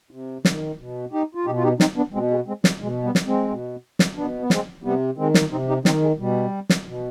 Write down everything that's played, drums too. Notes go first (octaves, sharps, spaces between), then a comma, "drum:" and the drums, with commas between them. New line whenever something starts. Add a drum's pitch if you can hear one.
C3
D#3, drum: snare
B2
D#4 G4
F4
B2 D#4 G4
F4
D#4 G4
C4 D#4, drum: snare
B3 D4
B2 G#3 C4
G#3
G#3 C4
G3, drum: snare
B2 G#3
G3 B3
drum: snare
G#3 C4
B2
drum: snare
B2 B3 D4
B3
G#3 C4, drum: snare
C3 G3 B3
D#3 G#3 C4
drum: snare
C3 C4 D#4
D#4 G4
D#3 C4 D#4, drum: snare
G#3
B2 G3
drum: snare
B2